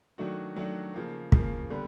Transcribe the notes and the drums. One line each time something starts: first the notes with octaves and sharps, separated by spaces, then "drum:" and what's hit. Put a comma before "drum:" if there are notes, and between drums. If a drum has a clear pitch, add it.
D#3 F#3 A3 D4 F#4
D#3 F#3 A3 D4 F#4
C#3 F3 A#3
C#3 F3 A#3, drum: kick
D3 G3 B3